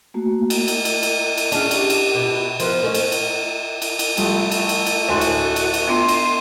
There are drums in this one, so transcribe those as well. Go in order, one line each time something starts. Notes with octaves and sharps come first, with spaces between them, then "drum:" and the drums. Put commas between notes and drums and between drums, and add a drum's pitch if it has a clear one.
A3 A#3 F#4
drum: cymbal
drum: cymbal
drum: cymbal
drum: cymbal
drum: cymbal
C#4 D4 G#4, drum: cymbal
G4, drum: cymbal
drum: cymbal
B2
F3 B3 A#4, drum: cymbal
A3 C#4 D#4
drum: cymbal
drum: cymbal
drum: cymbal
drum: cymbal
C2 F3 A3 G4, drum: cymbal
drum: cymbal
drum: cymbal
drum: cymbal
D2 A2 F#4 F#5 G#5 C6
drum: cymbal
drum: cymbal
drum: cymbal
B3 D4 F4 C6
drum: cymbal